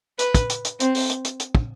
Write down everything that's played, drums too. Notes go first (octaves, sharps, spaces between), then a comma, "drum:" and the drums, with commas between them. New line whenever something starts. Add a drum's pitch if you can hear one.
B4, drum: hi-hat
drum: kick, hi-hat
drum: hi-hat
drum: hi-hat
C4, drum: hi-hat
drum: open hi-hat
drum: hi-hat
drum: hi-hat
drum: hi-hat
drum: kick